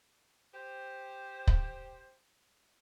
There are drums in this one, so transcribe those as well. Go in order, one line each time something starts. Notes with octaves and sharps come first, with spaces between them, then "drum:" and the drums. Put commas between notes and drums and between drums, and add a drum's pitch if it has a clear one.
G4 C5
drum: kick